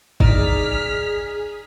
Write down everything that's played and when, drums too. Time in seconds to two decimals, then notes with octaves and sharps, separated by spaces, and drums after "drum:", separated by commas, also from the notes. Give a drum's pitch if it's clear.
0.20 D#4 G#4 D5 F6 B6, drum: kick G1